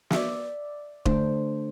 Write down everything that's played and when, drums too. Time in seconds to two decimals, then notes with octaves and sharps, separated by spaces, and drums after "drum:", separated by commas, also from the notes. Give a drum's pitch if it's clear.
0.11 E5, drum: snare
0.16 D5
1.05 D3 A3 D4 C5, drum: kick D#1